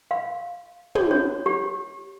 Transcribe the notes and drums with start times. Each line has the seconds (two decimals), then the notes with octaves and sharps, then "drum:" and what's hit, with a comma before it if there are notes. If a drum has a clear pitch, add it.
0.11 F5
0.95 C#5, drum: tom
1.11 C#5
1.46 G4